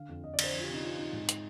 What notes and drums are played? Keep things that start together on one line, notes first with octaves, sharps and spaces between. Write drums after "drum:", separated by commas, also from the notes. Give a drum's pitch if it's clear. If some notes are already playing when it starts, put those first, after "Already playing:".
Already playing: D3 F5
F2
F2 D#5
D5
D3 C5, drum: cymbal
F3 F4
G4
C3
D#4
C4 F4
C4 D#4
G#2
drum: hi-hat